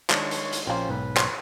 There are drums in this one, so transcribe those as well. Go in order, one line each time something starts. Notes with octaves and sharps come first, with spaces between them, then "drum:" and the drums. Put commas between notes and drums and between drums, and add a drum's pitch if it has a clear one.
D#3 G#3 D4 C#5 C6 C#6, drum: clap
drum: hi-hat
drum: hi-hat
A#1 A#3 C4 C#4 F4 C5
B1 G#2 B4
C#5 C6, drum: clap